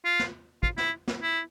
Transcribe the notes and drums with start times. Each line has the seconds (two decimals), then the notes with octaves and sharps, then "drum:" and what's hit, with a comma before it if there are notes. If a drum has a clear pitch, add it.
0.05 F4
0.19 drum: snare
0.63 F4, drum: kick
0.78 E4, drum: snare
1.08 drum: snare
1.23 E4